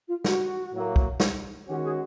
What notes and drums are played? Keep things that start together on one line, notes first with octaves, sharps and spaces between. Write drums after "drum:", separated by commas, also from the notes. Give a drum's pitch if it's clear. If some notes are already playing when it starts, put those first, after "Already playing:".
F4
F#4, drum: snare
A2 F#3 A#3
drum: kick
drum: snare
D#3 G#3 C#4 F#4 G4
G#4